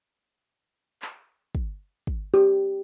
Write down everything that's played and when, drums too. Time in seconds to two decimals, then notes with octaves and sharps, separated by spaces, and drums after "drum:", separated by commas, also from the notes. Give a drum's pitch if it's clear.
1.02 drum: clap
1.55 drum: kick
2.07 drum: kick
2.34 G4